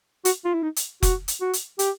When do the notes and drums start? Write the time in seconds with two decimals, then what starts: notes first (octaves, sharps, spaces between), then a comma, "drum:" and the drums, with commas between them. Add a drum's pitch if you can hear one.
0.25 F#4, drum: hi-hat
0.45 F4
0.54 E4
0.63 D#4
0.76 drum: hi-hat
1.03 F#4, drum: kick F1, hi-hat
1.28 drum: hi-hat
1.41 F#4
1.53 drum: hi-hat
1.79 G4, drum: hi-hat